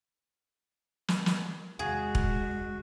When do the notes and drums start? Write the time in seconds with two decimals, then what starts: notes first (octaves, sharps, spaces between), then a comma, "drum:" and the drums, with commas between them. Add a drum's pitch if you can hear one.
1.08 drum: snare
1.26 drum: snare
1.79 E2 C3 D#3 G#3 F#4 G#4
2.15 drum: kick E1